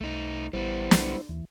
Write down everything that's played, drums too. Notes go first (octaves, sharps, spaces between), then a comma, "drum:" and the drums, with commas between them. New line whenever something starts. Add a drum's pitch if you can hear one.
C2 A3 D#4
A1 G3 B3 E4 C5
B1, drum: snare
D#2 E3